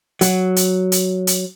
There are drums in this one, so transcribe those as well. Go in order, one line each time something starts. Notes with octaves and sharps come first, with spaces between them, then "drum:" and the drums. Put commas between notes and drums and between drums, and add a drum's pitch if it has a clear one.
F#3, drum: hi-hat
drum: hi-hat
drum: hi-hat
drum: hi-hat